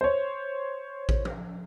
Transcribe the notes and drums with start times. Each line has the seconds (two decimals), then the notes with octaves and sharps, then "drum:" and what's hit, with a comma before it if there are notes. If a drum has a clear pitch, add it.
0.01 C5 C#5
1.09 drum: kick A1
1.25 drum: tom F3